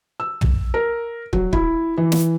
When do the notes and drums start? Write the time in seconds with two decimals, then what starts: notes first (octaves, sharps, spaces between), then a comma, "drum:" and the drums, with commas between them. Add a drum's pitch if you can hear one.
0.20 E6
0.41 drum: tom
0.74 A#4
1.33 F#3, drum: kick
1.53 E4, drum: kick
1.97 E3
2.12 drum: snare